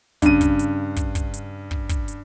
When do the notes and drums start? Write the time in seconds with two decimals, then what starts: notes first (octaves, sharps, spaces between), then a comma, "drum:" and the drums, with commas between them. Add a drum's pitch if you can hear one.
0.22 G2 C#3 D#7, drum: kick, hi-hat
0.41 drum: kick, hi-hat
0.59 drum: hi-hat
0.96 drum: kick, hi-hat
1.15 drum: kick, hi-hat
1.34 drum: hi-hat
1.71 drum: kick
1.89 drum: kick, hi-hat
2.08 drum: hi-hat